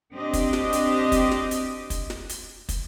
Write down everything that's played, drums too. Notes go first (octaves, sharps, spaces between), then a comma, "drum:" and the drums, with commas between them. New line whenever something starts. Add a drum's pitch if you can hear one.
C4 D4 G4 D#5
drum: kick, hi-hat
drum: snare
drum: hi-hat
drum: kick, hi-hat
drum: snare
drum: hi-hat
drum: kick, hi-hat
drum: snare
drum: hi-hat
drum: kick, hi-hat